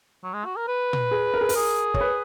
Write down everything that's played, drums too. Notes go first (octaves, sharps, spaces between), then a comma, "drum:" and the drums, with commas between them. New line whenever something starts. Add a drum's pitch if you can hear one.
F#3
G#3
F#4
A#4
B4
drum: tom A#2
G#4
A#4
G#4
A#4, drum: open hi-hat
G#4
C#5, drum: kick
B4